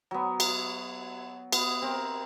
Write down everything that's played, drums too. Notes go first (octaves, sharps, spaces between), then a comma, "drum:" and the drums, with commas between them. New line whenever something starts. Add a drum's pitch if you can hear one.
F#3 B3
drum: cymbal
B3, drum: cymbal
C4 A#4